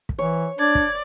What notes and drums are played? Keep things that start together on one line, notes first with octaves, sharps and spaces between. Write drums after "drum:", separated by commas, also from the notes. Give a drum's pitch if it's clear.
drum: kick
E3 C#5
D4 D5 G#6
drum: kick